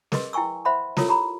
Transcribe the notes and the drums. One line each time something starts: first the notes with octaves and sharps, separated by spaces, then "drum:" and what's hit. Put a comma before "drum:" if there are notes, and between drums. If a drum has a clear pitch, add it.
G#4 A#4 B4 D#5 C6, drum: snare
E4 G5 G#5 C#6 E6
C5 E5 F#5 B5 C6
E4 F4 A4 A#4 C#5, drum: snare
G4 A#5 B5